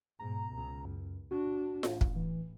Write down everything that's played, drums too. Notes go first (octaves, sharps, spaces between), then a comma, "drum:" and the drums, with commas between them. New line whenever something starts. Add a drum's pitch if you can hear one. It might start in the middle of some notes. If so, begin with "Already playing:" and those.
G#2 B2 A#5
C#2
F#2
D4 F#4
A1, drum: snare F4
drum: kick
E3